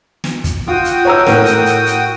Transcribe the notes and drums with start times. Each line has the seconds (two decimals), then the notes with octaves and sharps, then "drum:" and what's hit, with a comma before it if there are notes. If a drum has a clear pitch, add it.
0.24 drum: snare
0.44 drum: kick, hi-hat
0.67 F4 F#4 G5 D#6
0.85 drum: hi-hat
1.05 C#5 A#5 E6
1.26 A2 A#4, drum: snare
1.46 drum: hi-hat
1.66 drum: hi-hat
1.86 drum: hi-hat